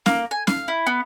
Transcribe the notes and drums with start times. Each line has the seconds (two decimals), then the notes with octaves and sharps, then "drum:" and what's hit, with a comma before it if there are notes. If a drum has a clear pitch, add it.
0.06 A#3, drum: snare C#4
0.31 G#5
0.47 F5, drum: snare C#4
0.68 E4
0.87 B3